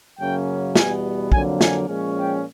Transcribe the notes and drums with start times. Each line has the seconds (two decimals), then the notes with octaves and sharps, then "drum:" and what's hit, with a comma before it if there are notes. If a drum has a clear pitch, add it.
0.19 F#2 C#3 F#3 A#3 C#4 G5
0.76 E2 B2 G3 B3 G#5, drum: snare
1.32 F2 D3 F#3 A#3 G#5, drum: kick
1.61 G#5, drum: snare
1.88 A#2 F3 G#3 C#4
2.16 G5